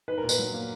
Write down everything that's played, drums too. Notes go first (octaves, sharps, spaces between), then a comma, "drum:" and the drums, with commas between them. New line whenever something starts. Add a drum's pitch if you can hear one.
D#4 B4
A#4
A#2
B4, drum: tambourine
F#3
A#3